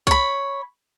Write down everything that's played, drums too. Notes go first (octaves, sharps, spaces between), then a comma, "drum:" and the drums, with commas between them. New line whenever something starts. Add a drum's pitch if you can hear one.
C#5 B5, drum: kick C2